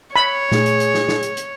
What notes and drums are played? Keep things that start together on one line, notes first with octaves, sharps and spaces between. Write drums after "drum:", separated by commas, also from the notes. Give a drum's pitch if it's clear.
C#5 B5
A#2 A3 G#4, drum: snare
drum: hi-hat
drum: hi-hat
drum: snare
drum: snare
drum: hi-hat
drum: hi-hat